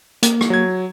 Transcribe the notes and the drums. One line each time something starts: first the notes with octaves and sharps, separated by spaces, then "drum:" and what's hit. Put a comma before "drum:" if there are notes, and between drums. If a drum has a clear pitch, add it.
A#3, drum: hi-hat
drum: rim click
F#3 G#6